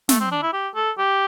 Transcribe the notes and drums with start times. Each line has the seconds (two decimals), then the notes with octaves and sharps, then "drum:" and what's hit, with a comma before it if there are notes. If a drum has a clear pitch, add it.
0.09 A3, drum: snare
0.20 C4
0.31 D4
0.42 E4
0.53 G4
0.75 A4
0.98 G4